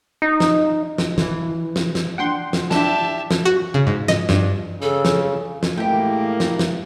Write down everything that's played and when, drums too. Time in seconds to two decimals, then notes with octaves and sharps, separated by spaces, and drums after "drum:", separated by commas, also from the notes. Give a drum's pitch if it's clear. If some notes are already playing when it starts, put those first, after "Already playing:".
0.22 D#4
0.40 drum: snare
0.98 drum: snare
1.18 E3, drum: snare
1.76 drum: snare
1.95 drum: snare
2.18 D4 F#5 G5 C6
2.53 drum: snare
2.71 D4 E4 G4 E5 A5, drum: snare
3.31 drum: snare
3.45 F#4
3.74 C#3
3.87 G#2
4.08 D#5, drum: snare
4.29 G2, drum: snare
4.82 C#3 A4
5.05 drum: snare
5.63 drum: snare
5.77 A2 G#3 A#3 E4 G4 G5
6.40 drum: snare
6.59 drum: snare